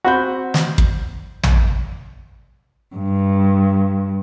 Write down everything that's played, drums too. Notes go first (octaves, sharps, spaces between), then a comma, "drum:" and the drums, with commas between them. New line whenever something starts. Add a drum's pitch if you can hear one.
C4 F#4 B5 G6
drum: snare
drum: kick
drum: tom
G2